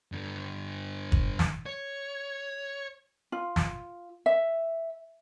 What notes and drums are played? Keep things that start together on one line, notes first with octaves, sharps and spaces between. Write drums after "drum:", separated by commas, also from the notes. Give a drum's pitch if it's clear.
G2 D3
drum: kick
drum: snare
C#5
F4
drum: snare
E5